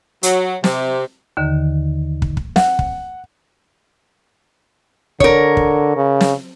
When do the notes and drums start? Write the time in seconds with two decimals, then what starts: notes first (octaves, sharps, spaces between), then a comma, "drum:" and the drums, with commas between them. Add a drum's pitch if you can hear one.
0.23 F#3, drum: hi-hat
0.64 C3, drum: snare
1.37 D#2 D3 D#3
2.22 drum: kick
2.37 drum: kick
2.56 F#5, drum: snare
2.79 drum: kick
5.20 D3 A#4 C#5, drum: kick
5.57 drum: kick
5.97 C#3
6.21 drum: snare